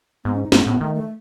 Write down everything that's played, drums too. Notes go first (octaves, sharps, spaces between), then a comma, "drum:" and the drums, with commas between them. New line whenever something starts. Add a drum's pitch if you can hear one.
G#2 B3
C#4
D#4
G#2 C#4, drum: snare
A2 B3
D#3 A3
A3